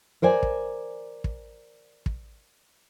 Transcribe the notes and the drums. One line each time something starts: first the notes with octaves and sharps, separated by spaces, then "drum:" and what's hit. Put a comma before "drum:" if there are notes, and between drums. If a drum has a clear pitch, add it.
A#4 C5 D5 G#5
drum: kick
drum: kick
drum: kick